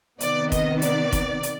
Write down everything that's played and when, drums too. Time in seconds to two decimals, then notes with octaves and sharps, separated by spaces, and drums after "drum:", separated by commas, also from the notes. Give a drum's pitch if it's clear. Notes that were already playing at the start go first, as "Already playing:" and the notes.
0.20 C3 D#3 B3 D5, drum: hi-hat
0.52 D#5, drum: kick, hi-hat
0.82 D5, drum: hi-hat
1.12 drum: kick, hi-hat
1.43 drum: hi-hat